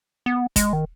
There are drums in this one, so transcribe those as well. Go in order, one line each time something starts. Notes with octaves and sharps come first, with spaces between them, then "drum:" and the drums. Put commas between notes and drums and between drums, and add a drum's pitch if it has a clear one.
B3
G#3, drum: kick, hi-hat
D#3